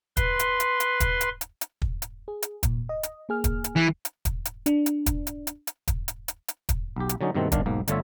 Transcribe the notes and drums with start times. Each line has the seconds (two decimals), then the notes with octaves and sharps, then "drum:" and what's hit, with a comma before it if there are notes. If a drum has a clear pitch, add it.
0.17 B4 C6, drum: kick, hi-hat
0.39 drum: hi-hat
0.60 drum: hi-hat
0.80 drum: hi-hat
1.00 drum: kick, hi-hat
1.21 drum: hi-hat
1.41 drum: hi-hat
1.61 drum: hi-hat
1.82 drum: kick
2.02 drum: hi-hat
2.28 G#4
2.42 drum: hi-hat
2.63 A#2, drum: kick, hi-hat
2.89 D#5
3.03 drum: hi-hat
3.29 A#3 G#4 F6
3.44 drum: kick, hi-hat
3.64 drum: hi-hat
3.76 E3
4.05 drum: hi-hat
4.25 drum: kick, hi-hat
4.45 drum: hi-hat
4.66 D4, drum: hi-hat
4.86 drum: hi-hat
5.06 drum: kick, hi-hat
5.27 drum: hi-hat
5.47 drum: hi-hat
5.67 drum: hi-hat
5.88 drum: kick, hi-hat
6.08 drum: hi-hat
6.28 drum: hi-hat
6.48 drum: hi-hat
6.69 drum: kick, hi-hat
6.96 B1 G4
7.09 drum: hi-hat
7.21 D3 F#3 C#4 D#4
7.35 G2 B2 D#3 A3 C4
7.52 G1 D#3 D4 F5, drum: kick, hi-hat
7.66 B1 G#2 A#3
7.88 G1 D3 A3 F4 C#5 E5, drum: hi-hat